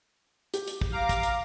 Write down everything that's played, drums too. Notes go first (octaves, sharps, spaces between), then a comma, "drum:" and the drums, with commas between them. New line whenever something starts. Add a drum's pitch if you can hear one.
G4, drum: hi-hat
drum: hi-hat
drum: kick
F5 A#5 D6
drum: kick, hi-hat
drum: hi-hat